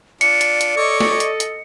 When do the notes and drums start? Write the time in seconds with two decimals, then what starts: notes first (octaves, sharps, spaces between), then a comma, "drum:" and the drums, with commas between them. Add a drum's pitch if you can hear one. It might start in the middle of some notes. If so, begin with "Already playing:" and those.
0.21 D4 F4 D5 C#7, drum: hi-hat
0.41 drum: hi-hat
0.61 drum: hi-hat
0.77 A4 C#5 D#5 C#6 D6
1.00 drum: snare
1.20 drum: hi-hat
1.40 drum: hi-hat